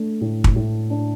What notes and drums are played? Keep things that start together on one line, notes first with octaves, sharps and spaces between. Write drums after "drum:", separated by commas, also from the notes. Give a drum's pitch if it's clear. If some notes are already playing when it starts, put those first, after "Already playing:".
Already playing: A3 D4
A2
drum: kick
A2
D4